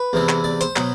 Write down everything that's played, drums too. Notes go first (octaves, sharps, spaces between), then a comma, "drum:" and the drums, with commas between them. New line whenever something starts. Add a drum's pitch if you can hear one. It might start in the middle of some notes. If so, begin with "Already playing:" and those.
Already playing: B4
E2 C3 E3
drum: clap
D5
C5, drum: hi-hat
B2 F#3, drum: clap